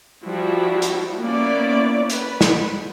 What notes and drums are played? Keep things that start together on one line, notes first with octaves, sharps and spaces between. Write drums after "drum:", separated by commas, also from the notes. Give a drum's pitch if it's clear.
F3 G3 E4 F#4
drum: hi-hat
A#3 B3 C#4 E4 D5
B4, drum: hi-hat
drum: snare